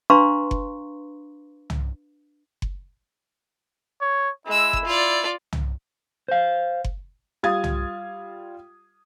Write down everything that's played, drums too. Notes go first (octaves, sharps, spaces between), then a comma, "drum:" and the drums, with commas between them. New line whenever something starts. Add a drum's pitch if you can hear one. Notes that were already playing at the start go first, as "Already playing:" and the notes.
D4 B4 F5 A#5 C6 C#6
drum: kick F#1
drum: tom
drum: kick F#1
C#5
G#3 E4 E6
drum: kick F#1
F4 D5
drum: tom
C5 F5
drum: kick F#1
G3 F4 F5 D#6 G#6 A6
drum: tom